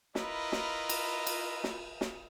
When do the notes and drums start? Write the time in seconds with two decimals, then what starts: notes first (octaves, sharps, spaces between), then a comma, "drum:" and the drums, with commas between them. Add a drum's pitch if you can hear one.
0.15 E4 F4 A#4 B4 D#5, drum: snare
0.52 drum: snare
0.89 drum: cymbal
1.27 drum: cymbal
1.64 drum: snare
2.01 drum: snare